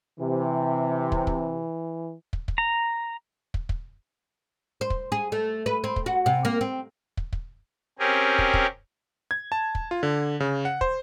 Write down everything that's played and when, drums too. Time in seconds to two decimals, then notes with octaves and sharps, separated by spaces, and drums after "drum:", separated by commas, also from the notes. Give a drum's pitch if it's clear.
0.20 C3 E3
1.12 drum: kick
1.27 drum: kick
2.33 drum: kick
2.48 drum: kick
2.58 A#5
3.54 drum: kick
3.69 drum: kick
4.81 C5
4.90 drum: kick
5.12 G#4
5.32 A3
5.66 B4
5.84 C4
5.96 drum: kick
6.06 F#4
6.26 C3
6.45 A#3
6.61 C4
7.17 drum: kick
7.33 drum: kick
7.99 C4 C#4 G4 G#4 A#4
8.39 drum: kick
8.54 drum: kick
9.31 G#6
9.52 A5
9.75 drum: kick
9.91 F4
10.03 D3
10.40 C#3
10.65 F#5
10.81 C5, drum: kick